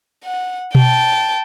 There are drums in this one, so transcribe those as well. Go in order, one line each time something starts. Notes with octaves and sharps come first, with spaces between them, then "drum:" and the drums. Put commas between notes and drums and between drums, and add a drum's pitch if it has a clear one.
F#5
G5 A5, drum: tom B2